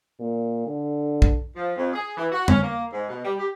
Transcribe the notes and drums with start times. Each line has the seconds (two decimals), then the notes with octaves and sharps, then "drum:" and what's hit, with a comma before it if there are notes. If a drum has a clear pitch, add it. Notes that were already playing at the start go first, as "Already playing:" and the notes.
0.20 A#2
0.67 D3
1.22 drum: kick
1.56 F3
1.76 F2
1.94 G#4
2.17 E3
2.31 F#4
2.48 C#4, drum: tom F2
2.62 A#3
2.92 G#2
3.09 B2
3.24 G3
3.39 G4